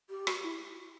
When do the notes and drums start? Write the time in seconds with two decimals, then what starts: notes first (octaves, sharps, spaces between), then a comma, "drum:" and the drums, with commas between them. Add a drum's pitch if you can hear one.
0.10 G4
0.27 F#4, drum: rim click
0.43 E4